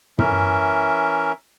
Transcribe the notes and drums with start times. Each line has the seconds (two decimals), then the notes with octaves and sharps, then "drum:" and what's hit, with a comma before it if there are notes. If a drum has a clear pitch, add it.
0.19 E3 C#4 A#4 E5, drum: tom